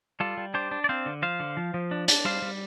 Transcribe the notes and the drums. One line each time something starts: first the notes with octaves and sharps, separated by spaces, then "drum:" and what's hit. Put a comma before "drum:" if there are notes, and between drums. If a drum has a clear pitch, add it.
G3 F4 A4
G3
D4 G4 C5
D4
D5
C4 C5 F5
D3
F3 C5 F5
D3
F3
F3
D4
D4, drum: hi-hat
G3 C5 F5
G3